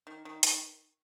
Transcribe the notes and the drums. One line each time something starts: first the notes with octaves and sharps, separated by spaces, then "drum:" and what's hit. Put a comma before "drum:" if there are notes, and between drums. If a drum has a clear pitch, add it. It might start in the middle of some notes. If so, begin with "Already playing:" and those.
D#3
D#3
D#3, drum: hi-hat